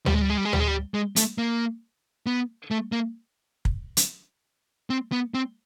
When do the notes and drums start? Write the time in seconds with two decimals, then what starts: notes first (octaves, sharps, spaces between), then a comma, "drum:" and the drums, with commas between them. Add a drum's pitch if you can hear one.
0.06 G3, drum: tom D2
0.14 G#3
0.22 G3
0.30 G#3
0.37 G3
0.45 G#3
0.53 G3, drum: tom D2
0.60 G#3
0.68 G3
0.94 G#3
1.16 A3, drum: hi-hat
1.38 A#3
2.26 B3
2.71 A3
2.92 A#3
3.65 drum: kick
3.97 drum: hi-hat
4.90 C4
5.12 B3
5.34 C4